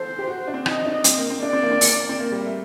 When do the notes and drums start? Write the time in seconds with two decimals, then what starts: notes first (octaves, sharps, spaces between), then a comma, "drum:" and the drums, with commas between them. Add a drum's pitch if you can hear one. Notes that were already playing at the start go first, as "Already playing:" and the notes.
Already playing: A4 C5
0.19 G4
0.27 F#4
0.47 D4
0.54 C4
0.66 D#4 D#5, drum: rim click
0.85 D4
1.04 C4, drum: hi-hat
1.17 A#3
1.30 C4
1.43 D4 D5
1.53 C4
1.62 A#3
1.71 C4
1.81 A#3, drum: open hi-hat
2.09 C4
2.19 A#3
2.32 G3
2.45 A3